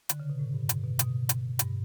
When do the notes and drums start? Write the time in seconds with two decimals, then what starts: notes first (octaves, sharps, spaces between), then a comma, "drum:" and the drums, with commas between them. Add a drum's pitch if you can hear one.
0.09 D3, drum: hi-hat
0.20 C#3
0.30 B2
0.39 A2
0.54 G2
0.69 B2, drum: hi-hat
0.84 B2
0.99 B2, drum: hi-hat
1.29 drum: hi-hat
1.59 G2, drum: hi-hat